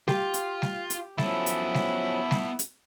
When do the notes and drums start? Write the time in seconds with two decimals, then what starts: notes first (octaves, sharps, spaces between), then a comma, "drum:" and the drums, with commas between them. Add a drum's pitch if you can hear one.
0.08 F4 G4, drum: snare G3
0.34 drum: hi-hat
0.62 drum: snare G3
0.90 drum: hi-hat
1.18 F3 F#3 B3 C#4 E4 A4, drum: snare G3
1.46 drum: hi-hat
1.74 drum: snare G3
2.31 drum: snare G3
2.59 drum: hi-hat